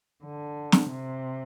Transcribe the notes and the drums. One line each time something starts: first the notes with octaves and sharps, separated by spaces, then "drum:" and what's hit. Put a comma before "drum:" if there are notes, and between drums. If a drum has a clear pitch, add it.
D3
drum: snare
C3